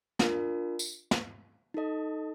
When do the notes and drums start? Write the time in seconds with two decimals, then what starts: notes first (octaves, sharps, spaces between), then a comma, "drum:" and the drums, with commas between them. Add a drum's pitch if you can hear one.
0.19 D4 F4 A#4, drum: snare
0.79 drum: tambourine
1.11 drum: snare
1.74 D#4 A4 D#5